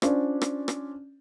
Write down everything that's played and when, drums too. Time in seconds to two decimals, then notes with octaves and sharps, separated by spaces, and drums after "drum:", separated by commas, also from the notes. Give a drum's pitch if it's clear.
0.02 C#4 D4 F4 C5 D5, drum: rim click
0.41 drum: rim click
0.68 drum: rim click